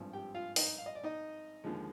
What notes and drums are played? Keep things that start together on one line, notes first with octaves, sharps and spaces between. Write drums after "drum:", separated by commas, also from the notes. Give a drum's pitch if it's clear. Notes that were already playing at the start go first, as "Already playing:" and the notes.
Already playing: G#1 G2 F3
G4 G5
F4 F5
D#4 D#5, drum: open hi-hat
F5
D#5
D5
D#4 D#5
D#2 D3 F3 G#3